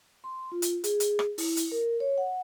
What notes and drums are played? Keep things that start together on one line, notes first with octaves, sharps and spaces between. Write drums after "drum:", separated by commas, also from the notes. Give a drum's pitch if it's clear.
C6
F4
drum: hi-hat
G#4, drum: hi-hat
drum: hi-hat
drum: rim click
E4, drum: open hi-hat
drum: hi-hat
A#4
C#5
F#5